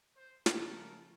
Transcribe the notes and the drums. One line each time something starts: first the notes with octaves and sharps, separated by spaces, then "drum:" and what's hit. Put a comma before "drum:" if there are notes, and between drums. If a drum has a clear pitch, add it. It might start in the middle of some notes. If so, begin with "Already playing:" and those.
C5
C#3 F3 A3 A4 A#4, drum: snare